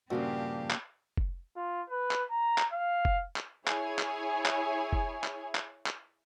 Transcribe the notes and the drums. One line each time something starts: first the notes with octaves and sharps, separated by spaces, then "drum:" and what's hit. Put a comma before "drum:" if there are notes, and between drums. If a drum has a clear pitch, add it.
A#1 G2 C#3 F3 C4 F#4 G4
drum: clap
drum: kick
F4
B4
drum: clap
A#5
drum: clap
F5
drum: kick
drum: clap
E4 G#4 C#5 G#5, drum: clap
drum: clap
drum: clap
drum: kick
drum: clap
drum: clap
drum: clap